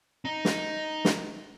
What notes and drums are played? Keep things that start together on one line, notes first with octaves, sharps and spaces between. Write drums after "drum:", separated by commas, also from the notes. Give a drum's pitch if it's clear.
D#4
drum: snare
drum: snare